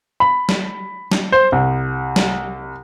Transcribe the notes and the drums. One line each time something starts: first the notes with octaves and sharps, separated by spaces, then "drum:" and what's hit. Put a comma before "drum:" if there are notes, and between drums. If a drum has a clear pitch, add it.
B5
drum: snare
drum: snare
C5
C2
drum: snare